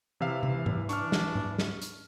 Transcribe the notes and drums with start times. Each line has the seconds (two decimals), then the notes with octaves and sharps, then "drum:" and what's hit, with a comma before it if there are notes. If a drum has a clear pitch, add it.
0.20 C3 E3 E5 F5
0.43 drum: tom C3
0.66 drum: tom G#2
0.89 D4 C#6 F6, drum: hi-hat
1.12 drum: snare
1.35 drum: tom G#2
1.58 drum: snare
1.82 drum: hi-hat